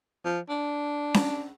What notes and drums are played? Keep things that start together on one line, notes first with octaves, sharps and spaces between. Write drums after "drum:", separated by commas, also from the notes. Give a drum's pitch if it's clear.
F3
D4
drum: snare C#4